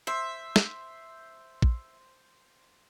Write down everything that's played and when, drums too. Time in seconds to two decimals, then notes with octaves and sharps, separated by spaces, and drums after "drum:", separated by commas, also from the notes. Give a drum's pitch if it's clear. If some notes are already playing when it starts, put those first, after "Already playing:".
0.07 C5 E5
0.56 drum: snare
1.62 drum: kick A#1